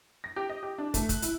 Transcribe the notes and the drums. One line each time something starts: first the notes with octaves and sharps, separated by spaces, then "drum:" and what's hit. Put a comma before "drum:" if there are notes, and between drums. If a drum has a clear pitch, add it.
A#6
G4
D#5
G4
D4
A3, drum: kick, hi-hat
F#6, drum: kick, hi-hat
E4, drum: hi-hat